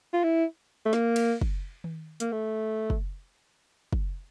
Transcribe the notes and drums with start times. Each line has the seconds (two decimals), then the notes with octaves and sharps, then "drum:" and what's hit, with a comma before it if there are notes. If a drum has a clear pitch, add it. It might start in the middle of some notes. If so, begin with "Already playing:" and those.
0.13 F4
0.24 E4
0.86 A3
0.93 A#3, drum: snare
1.16 drum: cymbal
1.41 drum: kick
1.84 drum: tom D#3
2.20 A#3, drum: hi-hat
2.32 A3
2.90 drum: kick
3.93 drum: kick